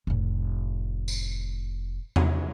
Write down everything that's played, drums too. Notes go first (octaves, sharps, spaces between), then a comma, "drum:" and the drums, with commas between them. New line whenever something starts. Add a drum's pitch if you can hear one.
F1 A2
drum: tambourine
drum: tom E2